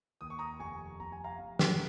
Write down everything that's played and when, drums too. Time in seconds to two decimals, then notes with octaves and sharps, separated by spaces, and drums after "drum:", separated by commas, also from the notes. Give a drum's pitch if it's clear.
0.21 D#2 D#6
0.30 C#6
0.39 A#5 D#6
0.60 F1 G#5 C#6
1.00 F1 A#5
1.12 G#5
1.24 F5 A#5
1.39 F1
1.59 drum: snare